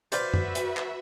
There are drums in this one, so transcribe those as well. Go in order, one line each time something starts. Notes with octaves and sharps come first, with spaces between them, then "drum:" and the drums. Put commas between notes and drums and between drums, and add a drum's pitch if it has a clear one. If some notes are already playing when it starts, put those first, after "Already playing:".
F#4 B4 C5 D5 E5 F5, drum: hi-hat
drum: tom F#2
drum: hi-hat
drum: clap